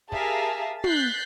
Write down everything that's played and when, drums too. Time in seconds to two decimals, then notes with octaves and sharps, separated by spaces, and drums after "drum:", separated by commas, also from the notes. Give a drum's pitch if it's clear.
0.12 G4 G#4 A#4 E5 F5 A5, drum: kick
0.84 F#6 G6 A6 B6 C7, drum: tom